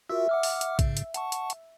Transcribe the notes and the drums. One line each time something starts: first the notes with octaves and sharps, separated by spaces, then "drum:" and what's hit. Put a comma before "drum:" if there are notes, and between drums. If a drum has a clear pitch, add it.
F4 F#4 A#4 E5
F#5 D6 F6
drum: open hi-hat
drum: hi-hat
G#2 C#3, drum: kick, hi-hat
drum: hi-hat
F#5 A5 C#6, drum: hi-hat
drum: hi-hat
drum: hi-hat